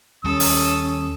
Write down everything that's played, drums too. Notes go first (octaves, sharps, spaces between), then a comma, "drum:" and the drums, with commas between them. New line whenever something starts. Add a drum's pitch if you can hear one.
D#2 G3 C#4 A4 D#6
drum: open hi-hat